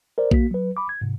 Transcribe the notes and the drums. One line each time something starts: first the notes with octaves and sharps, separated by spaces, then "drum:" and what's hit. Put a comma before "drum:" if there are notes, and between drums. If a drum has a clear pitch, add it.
A#4 C5 D5
A#3 F#4 B6, drum: kick A#1
F#3 B4
B5 D6
G#6
G#2 C3